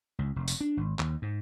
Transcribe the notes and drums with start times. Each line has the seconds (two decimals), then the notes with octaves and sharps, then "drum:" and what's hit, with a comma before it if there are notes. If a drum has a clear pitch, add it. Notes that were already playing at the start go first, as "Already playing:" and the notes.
0.19 C#2
0.36 F1
0.48 drum: tambourine
0.61 D4
0.77 G#1
0.99 D#2, drum: clap
1.22 G#2